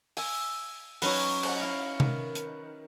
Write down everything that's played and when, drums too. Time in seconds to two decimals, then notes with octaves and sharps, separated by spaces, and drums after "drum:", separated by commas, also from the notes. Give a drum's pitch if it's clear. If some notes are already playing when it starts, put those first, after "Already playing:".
0.17 G#5 E6, drum: open hi-hat
1.02 F#3 C#4 D#4 B4 C#5, drum: open hi-hat
1.43 drum: cymbal
1.60 E4 F5 A#5
2.00 D#3, drum: tom C3
2.35 drum: hi-hat